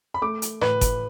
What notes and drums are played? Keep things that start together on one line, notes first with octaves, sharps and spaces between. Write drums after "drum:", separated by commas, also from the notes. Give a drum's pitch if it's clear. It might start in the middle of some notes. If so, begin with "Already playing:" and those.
B5
A3 D6
drum: hi-hat
A2 B4, drum: rim click
drum: kick G1, hi-hat